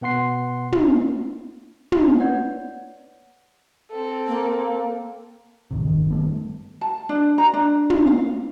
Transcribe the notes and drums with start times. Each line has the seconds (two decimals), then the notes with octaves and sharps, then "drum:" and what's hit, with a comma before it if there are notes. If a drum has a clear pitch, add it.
0.01 B2 B3 F#5 C6 C7
0.72 drum: tom
1.92 drum: tom
2.20 B4 C#5 D5 F#5
3.92 C4 A4
4.28 A#3
5.71 A1 D#2 C3
5.85 G1 D#3
6.11 D#3 G3 A3 B3
6.81 A5
7.09 D4
7.38 A#5
7.54 D4
7.90 drum: tom
8.07 F5